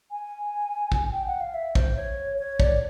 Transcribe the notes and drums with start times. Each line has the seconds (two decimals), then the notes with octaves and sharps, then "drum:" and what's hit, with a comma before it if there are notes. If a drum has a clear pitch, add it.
0.11 G#5
0.92 drum: kick A1
1.13 G5
1.26 F#5
1.41 F5
1.54 E5
1.75 C5, drum: kick A1
1.96 C#5
2.38 C#5
2.60 D5, drum: kick A1